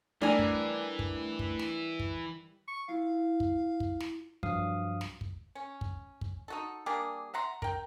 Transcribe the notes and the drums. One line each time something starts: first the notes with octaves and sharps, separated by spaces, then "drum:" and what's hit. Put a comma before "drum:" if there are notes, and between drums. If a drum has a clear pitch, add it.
E3 G3 A3 D4 A#4 G#5
drum: kick
drum: kick
drum: kick
drum: snare
drum: kick
C#6
E4 F4 F5
drum: kick
drum: kick
drum: snare
C2 G2 F3 F#3 F5 D#6, drum: kick
drum: snare
drum: kick
C#4
drum: kick
drum: kick
D#4 F#4 A4
G3 A#3 D4 G#4
E5 F#5 A#5 C6
A#4 G5, drum: kick